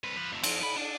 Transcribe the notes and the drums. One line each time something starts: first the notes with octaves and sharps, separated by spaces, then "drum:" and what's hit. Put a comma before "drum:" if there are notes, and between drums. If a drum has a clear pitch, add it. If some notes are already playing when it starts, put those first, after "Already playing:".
C2 B4
F3 B4
F2 A3
F3 C4, drum: cymbal
C#3 B5
D4